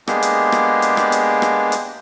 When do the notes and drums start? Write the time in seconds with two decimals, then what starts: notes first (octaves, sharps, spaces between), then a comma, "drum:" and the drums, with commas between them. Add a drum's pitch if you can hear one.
0.08 G#3 A#3 B3 D4 G4 G#4, drum: rim click
0.22 drum: hi-hat
0.52 drum: rim click
0.82 drum: hi-hat
0.97 drum: rim click
1.12 drum: hi-hat
1.42 drum: rim click
1.72 drum: hi-hat